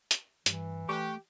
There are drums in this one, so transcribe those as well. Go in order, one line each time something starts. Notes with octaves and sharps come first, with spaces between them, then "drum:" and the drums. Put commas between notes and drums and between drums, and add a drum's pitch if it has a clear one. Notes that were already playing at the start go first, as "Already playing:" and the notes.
drum: hi-hat
G2 E3, drum: hi-hat
A3 G4 C#6 F#6